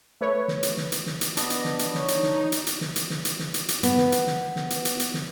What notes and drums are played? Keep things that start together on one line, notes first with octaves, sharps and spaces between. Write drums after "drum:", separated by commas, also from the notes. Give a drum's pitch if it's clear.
A3 B4 C#5
drum: snare
drum: hi-hat
drum: snare
drum: hi-hat
drum: snare
drum: hi-hat
B3 D4 D#5, drum: hi-hat
drum: hi-hat
drum: snare
drum: hi-hat
D#4 C#5, drum: snare
drum: hi-hat
drum: snare
drum: hi-hat
drum: hi-hat
drum: snare
drum: hi-hat
drum: snare
drum: hi-hat
drum: snare
drum: hi-hat
drum: hi-hat
B3, drum: hi-hat
drum: snare
drum: hi-hat
drum: snare
drum: snare
drum: hi-hat
drum: hi-hat
drum: hi-hat
drum: snare